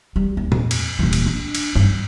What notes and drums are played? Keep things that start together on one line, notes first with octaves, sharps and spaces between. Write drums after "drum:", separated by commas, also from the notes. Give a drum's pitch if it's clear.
G3
D#2
F2, drum: tom A#2
drum: cymbal
D#1 E3
drum: cymbal
D4
drum: cymbal
G2 F#3, drum: tom G2